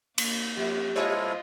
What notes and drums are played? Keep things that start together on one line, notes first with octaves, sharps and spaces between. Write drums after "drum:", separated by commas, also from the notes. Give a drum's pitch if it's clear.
A#3, drum: cymbal
F2 G4
G3 E4 F4 A4 C5 C#5 D#5